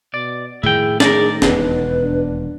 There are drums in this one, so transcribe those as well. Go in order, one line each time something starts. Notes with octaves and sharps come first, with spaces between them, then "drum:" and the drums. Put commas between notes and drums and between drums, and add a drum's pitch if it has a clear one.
B2 D5
A2 D#3 F3 E4 G#4 G5
D#4 G#4 A#4 D5, drum: snare
E1 D#2 B2 B3 B4, drum: snare
D4